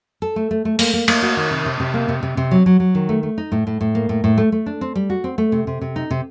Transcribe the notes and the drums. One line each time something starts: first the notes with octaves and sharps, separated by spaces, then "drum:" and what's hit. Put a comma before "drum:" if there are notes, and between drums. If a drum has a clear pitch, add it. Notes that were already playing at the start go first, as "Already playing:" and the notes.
A4
A3
A3
A3
A#3, drum: open hi-hat
A#3
A#3, drum: cymbal
F#4
D#3
C3
C3
C3
A#3
C3
C3
C3
F#3
F#3
F#3
D#3
A3
A3
D#4
A2
A2
A2
A#3
A2
A2
A3
A3
D4
C4
G3
F#4
C4
A3
C3
C3
C3
D#4
C3